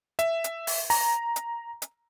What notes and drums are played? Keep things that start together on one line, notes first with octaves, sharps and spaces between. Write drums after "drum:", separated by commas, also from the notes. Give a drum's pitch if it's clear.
E5, drum: hi-hat
drum: hi-hat
drum: open hi-hat
A#5, drum: open hi-hat
drum: hi-hat
drum: hi-hat